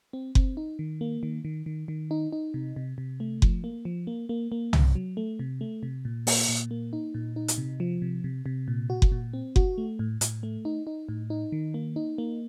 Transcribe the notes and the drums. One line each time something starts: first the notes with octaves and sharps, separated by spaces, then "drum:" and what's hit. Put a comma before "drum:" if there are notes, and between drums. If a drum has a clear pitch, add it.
C4
C4, drum: kick F#1
D#4
D#3
A#3
D#3
D#3
D#3
D#3
D#4
D#4
C3
C3
C3
A3
F3, drum: kick F#1
A#3
F3
A#3
A#3
A#3
C3, drum: tom
F#3
A3
C3
A3
C3
A#2
A#3, drum: open hi-hat
A#2
A#3
D#4
A#2
D#4
drum: hi-hat
C3
F3
C3
C3
C3
A#2
F#4
drum: kick F#1
A#2
C4
F#4, drum: kick F#1
A3
A2
A2, drum: hi-hat
A3
D#4
D#4
A2
D#4
D#3
A#3
D#4
A#3